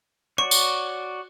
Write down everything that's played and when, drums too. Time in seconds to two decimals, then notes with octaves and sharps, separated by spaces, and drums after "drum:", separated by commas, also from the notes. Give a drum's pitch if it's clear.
0.38 F#4 C#5 D5 C#6
0.51 drum: tambourine